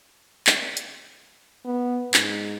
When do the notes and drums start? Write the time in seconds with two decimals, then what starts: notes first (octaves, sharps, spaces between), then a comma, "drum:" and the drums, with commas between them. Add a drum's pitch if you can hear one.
0.47 drum: clap
0.77 drum: hi-hat
1.65 B3
2.14 G#2, drum: clap